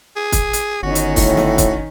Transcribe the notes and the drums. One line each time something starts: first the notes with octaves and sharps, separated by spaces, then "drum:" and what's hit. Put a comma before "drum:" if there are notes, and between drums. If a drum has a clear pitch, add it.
G#4
drum: kick, hi-hat
drum: hi-hat
G1 D#3 C#4 F#4
drum: hi-hat
A2, drum: kick, open hi-hat
drum: snare
drum: kick, hi-hat